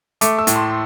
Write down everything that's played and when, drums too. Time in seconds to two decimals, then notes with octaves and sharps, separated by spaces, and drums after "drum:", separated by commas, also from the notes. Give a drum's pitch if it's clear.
0.21 A3 D6, drum: hi-hat
0.39 E6
0.47 A2, drum: hi-hat
0.56 C6